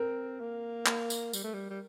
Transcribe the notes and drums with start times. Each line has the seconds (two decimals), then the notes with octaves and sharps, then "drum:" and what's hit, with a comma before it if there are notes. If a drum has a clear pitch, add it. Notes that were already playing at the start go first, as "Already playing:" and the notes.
Already playing: C4 A#4
0.40 A#3
0.86 A#3, drum: clap
1.10 drum: tambourine
1.33 G3, drum: tambourine
1.44 A3
1.54 G3
1.70 G3